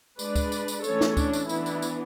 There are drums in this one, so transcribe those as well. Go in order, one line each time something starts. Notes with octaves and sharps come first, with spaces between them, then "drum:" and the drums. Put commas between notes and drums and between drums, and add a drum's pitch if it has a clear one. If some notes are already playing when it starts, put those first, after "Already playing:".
G#3 D4 B4 D5, drum: tambourine
drum: kick D2, tambourine
drum: tambourine
drum: tambourine
E3 A3 C#4 A4 C#5, drum: tambourine
drum: snare
D4, drum: kick D2, tambourine
drum: tambourine
E3 B3 D4 E4, drum: tambourine
drum: tambourine
drum: tambourine